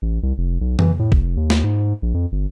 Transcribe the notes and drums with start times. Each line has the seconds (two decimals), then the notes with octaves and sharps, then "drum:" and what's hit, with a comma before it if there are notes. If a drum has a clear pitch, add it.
0.02 A1
0.23 C2
0.38 F1
0.61 B1
0.79 E3, drum: tom F2
0.99 A2
1.12 F1, drum: kick A#1
1.37 D#2
1.50 drum: snare
1.64 G#2
2.02 A#1
2.14 F2
2.32 G1